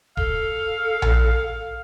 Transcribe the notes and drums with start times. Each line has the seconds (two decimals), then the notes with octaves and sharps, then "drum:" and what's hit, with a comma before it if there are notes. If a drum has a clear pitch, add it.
0.17 A4 F5, drum: kick D#1
1.02 drum: tom A#1